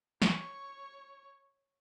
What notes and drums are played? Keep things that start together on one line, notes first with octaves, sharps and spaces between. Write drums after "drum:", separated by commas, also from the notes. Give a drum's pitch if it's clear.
C#5 C#6, drum: snare